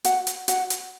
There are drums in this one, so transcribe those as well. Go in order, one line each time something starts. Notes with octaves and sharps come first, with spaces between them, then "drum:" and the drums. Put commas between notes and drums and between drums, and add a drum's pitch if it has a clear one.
F#4 F#5, drum: hi-hat
drum: hi-hat
F#4 F#5, drum: hi-hat
drum: hi-hat